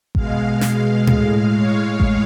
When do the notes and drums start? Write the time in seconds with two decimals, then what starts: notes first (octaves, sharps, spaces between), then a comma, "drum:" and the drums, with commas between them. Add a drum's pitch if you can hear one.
0.15 B2 G#3 F5, drum: kick A1
0.61 F5, drum: snare
1.07 A2 G#3 F5, drum: tom A2
1.54 C#5
2.00 drum: kick A1